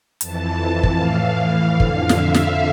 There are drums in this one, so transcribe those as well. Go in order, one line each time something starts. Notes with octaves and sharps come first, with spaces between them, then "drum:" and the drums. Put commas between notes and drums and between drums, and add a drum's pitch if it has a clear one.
F2 E3 A5, drum: hi-hat
drum: kick
A2 E3 F5
F2 D3
drum: kick
E5, drum: snare
drum: snare